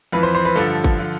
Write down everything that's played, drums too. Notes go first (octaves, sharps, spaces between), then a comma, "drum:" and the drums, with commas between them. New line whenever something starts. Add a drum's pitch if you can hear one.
F2 E3 B4
C5
C5
B4
G2 D3 F3 A4
drum: kick G#1
D3 F3